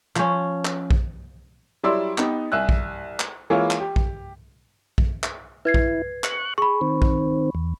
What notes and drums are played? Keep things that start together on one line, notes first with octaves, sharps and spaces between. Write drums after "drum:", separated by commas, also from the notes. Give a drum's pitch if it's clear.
F3 C#4, drum: clap
drum: clap
drum: kick A#1
F#3 G3 E4 D5 C6 E6
B3 D#4 G4, drum: clap
C2 E5 G#5 E6 F#6
drum: kick A#1
drum: clap
E3 G#3 A#3 E4 F4 C#5
drum: clap
G4
drum: kick A#1
drum: kick A#1
drum: clap
E4 B4 G#6 C7
drum: kick A#1
C#6 F#6, drum: clap
G#4 B5 C#6
D#3 C4
drum: kick A#1
E2